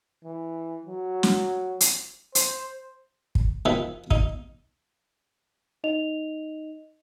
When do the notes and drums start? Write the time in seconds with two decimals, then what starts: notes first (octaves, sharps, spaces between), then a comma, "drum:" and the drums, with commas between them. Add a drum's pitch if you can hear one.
0.25 E3
0.86 F#3
1.23 drum: snare
1.81 drum: hi-hat
2.35 C5, drum: hi-hat
3.35 drum: kick
3.65 D#3 F3 D#4 E4 B4
4.11 D#4, drum: kick
5.84 D#4 D#5 F7